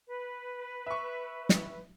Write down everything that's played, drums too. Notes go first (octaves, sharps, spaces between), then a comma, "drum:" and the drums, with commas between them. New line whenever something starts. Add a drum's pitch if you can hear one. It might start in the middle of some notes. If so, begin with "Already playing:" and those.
B4
E5 C#6
drum: snare